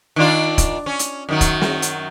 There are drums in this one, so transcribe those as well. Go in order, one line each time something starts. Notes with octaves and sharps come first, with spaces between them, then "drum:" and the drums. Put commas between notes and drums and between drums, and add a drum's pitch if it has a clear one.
D#3 D4 F4
drum: kick, hi-hat
C#4
drum: hi-hat
F#2 D#3 F#3
drum: kick, hi-hat
drum: snare
drum: hi-hat